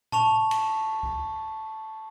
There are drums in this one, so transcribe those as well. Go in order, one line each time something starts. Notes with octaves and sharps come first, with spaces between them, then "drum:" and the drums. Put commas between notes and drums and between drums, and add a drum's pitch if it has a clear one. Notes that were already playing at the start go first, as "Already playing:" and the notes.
A5 C#6 F7, drum: tom A2
drum: cymbal
drum: kick C2